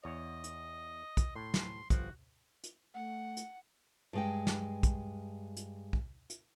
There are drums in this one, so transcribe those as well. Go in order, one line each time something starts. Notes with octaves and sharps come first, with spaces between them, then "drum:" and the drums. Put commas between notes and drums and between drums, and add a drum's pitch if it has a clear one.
E2 C#5 D#5
drum: hi-hat
drum: kick, hi-hat
A2 C6
drum: snare
G1 F3 F#4, drum: kick, hi-hat
drum: hi-hat
A3 F#5
drum: hi-hat
G2 G#3 G5
drum: snare
drum: kick, hi-hat
drum: hi-hat
drum: kick
drum: hi-hat